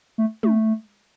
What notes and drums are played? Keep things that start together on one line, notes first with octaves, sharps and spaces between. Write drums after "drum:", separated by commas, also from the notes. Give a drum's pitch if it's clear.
A3
A3, drum: tom